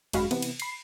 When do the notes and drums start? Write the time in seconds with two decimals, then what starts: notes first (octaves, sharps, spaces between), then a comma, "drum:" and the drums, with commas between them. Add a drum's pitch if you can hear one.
0.13 G#1 F#2 G#3 F#4 F5 B5, drum: cymbal
0.31 C3 E3 B3, drum: cymbal
0.42 drum: cymbal
0.60 B5 C7, drum: cymbal